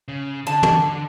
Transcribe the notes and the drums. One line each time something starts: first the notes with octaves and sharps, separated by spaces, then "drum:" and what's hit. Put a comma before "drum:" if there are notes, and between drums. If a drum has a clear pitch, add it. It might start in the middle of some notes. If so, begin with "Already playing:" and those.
C#3
D3 A5
drum: tom